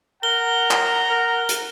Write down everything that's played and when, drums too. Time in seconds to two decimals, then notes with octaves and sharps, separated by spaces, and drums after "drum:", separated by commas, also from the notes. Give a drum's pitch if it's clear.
0.23 A#4 F#5 A#5 G7
0.71 drum: clap
1.10 A#4
1.49 drum: hi-hat